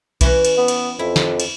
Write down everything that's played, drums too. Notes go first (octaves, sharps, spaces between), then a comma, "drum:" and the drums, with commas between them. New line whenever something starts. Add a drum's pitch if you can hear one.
E3 C#4 F#4, drum: kick B1, cymbal
drum: cymbal
B3
drum: cymbal
F2 E4
drum: snare
drum: cymbal